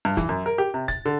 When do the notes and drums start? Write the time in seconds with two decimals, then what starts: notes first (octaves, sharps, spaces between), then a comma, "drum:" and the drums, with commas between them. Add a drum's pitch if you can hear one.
0.05 G2
0.17 E3, drum: kick, hi-hat
0.29 F#2
0.46 A#4
0.58 G4
0.74 C3
0.88 A6, drum: kick, hi-hat
1.05 D3